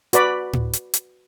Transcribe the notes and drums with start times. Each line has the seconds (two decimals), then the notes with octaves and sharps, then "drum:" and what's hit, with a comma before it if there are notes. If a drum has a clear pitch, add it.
0.13 F#4 B4 D5 B5, drum: hi-hat
0.53 drum: tom A2
0.73 drum: hi-hat
0.94 drum: hi-hat